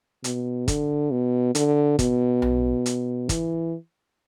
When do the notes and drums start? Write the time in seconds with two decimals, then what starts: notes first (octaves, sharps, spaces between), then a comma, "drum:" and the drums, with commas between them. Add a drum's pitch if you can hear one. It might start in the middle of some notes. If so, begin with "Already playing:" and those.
0.24 B2, drum: hi-hat
0.68 D3, drum: kick, hi-hat
1.11 B2
1.55 D3, drum: hi-hat
1.99 B2, drum: kick, hi-hat
2.42 drum: tom B1
2.86 drum: hi-hat
3.29 E3, drum: kick, hi-hat